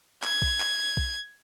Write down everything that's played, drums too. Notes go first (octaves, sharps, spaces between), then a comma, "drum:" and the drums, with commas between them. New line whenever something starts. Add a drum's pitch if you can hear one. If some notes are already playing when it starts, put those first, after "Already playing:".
G#6, drum: clap
drum: kick B1
drum: clap
drum: kick B1